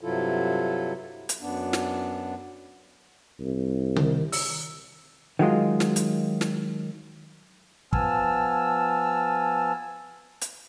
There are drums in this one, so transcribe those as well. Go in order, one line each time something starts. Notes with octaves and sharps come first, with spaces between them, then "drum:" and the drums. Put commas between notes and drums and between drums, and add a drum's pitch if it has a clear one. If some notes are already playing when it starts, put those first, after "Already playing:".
G2 C3 F#3 E4 F4 A4
drum: hi-hat
F#2 B3 D4
drum: snare
C2
D#3, drum: tom C3
E6, drum: open hi-hat
D#3 F#3 G#3 F4
drum: snare
drum: hi-hat
drum: snare
F3 B3 G#5 A5 E6 F6, drum: kick
drum: hi-hat